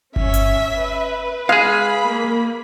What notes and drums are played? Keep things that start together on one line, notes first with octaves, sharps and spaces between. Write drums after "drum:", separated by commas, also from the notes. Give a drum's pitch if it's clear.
C#4 E5, drum: kick G1
drum: hi-hat
B4
G#3 G#4 F5 B5
A#3